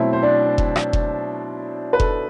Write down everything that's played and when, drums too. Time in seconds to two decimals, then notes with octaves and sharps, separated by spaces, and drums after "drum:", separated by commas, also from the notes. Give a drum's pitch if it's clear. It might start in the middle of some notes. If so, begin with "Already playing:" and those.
Already playing: B2 F#3 A3 C4 E4 E5
0.13 C5
0.23 D4 D5
0.58 drum: kick F1
0.76 drum: rim click
0.93 drum: kick F1
1.93 B4
2.00 A4, drum: kick F1